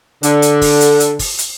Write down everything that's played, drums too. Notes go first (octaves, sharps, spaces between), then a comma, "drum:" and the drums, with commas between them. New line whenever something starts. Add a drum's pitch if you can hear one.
D3, drum: hi-hat
drum: hi-hat
drum: kick, open hi-hat
drum: hi-hat
drum: hi-hat
drum: kick, open hi-hat
drum: hi-hat